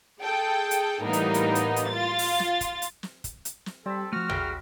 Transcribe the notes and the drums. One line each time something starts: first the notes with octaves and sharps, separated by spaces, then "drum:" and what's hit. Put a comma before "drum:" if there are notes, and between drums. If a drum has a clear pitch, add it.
G#4 A4 G5
drum: hi-hat
A2 E3 G3 A#3 B3 D#4
drum: hi-hat
drum: hi-hat
drum: hi-hat
drum: hi-hat
F4 A6
drum: open hi-hat
drum: snare
drum: kick, hi-hat
drum: hi-hat
drum: snare
drum: kick, hi-hat
drum: hi-hat
drum: snare
G3 C4 A4 B5
F3 A3 F#4 F6
G3 G#4 A#4 E5 G5, drum: tom